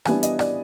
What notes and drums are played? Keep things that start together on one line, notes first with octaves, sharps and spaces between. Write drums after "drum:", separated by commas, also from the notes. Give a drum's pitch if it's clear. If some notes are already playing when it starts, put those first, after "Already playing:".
E3 G3 B3 D4 G#5, drum: rim click
D#5, drum: hi-hat
D5, drum: rim click